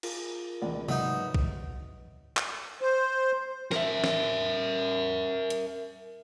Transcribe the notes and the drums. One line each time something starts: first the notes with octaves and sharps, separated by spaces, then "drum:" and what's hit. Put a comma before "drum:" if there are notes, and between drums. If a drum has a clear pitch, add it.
F4 G#4 A#4, drum: cymbal
E1 C#2 D5
G#2 F#3 D#4 B4 E5, drum: tom C3
drum: kick
drum: clap
C5
A#4 E5, drum: snare
drum: snare
drum: hi-hat